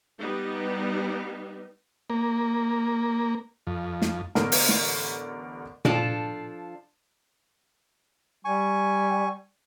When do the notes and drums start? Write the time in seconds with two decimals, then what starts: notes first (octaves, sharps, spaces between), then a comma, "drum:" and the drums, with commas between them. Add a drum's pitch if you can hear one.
0.18 G3 B3 D#4
2.10 A#3
3.67 F2
4.02 drum: snare
4.35 A1 D3 B3 A#4, drum: snare
4.52 drum: open hi-hat
4.69 drum: snare
5.85 F3 D4 F4 A4, drum: tom A#2
8.45 G3 G#5 C#6